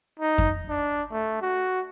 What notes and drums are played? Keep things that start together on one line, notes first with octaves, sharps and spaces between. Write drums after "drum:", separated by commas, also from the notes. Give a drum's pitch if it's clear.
D#4
drum: kick F2
D4
A3
F#4